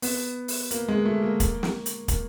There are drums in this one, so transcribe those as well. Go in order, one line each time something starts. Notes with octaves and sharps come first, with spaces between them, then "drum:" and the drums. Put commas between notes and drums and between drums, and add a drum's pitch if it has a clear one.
B3, drum: open hi-hat
drum: open hi-hat
A#3, drum: hi-hat
G#3
A3
A#3
drum: kick, hi-hat
drum: snare
drum: hi-hat
A#3, drum: kick, hi-hat